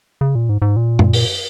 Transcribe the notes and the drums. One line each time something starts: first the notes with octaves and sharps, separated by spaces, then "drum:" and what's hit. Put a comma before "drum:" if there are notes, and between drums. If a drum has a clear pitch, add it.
C#3
A#2
G#2
G#2
A#2
drum: tom F#2
drum: open hi-hat